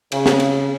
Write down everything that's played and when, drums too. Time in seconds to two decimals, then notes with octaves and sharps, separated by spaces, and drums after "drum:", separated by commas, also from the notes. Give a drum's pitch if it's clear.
0.12 C#3, drum: cymbal
0.26 drum: snare
0.40 drum: cymbal